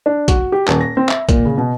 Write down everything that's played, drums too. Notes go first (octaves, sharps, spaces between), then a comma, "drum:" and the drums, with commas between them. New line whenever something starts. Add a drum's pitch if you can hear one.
D4
F#4, drum: kick A#1, hi-hat
G4
D#1, drum: clap
A#6
C4
E5, drum: clap
A#2, drum: kick A#1, hi-hat
C#3
B2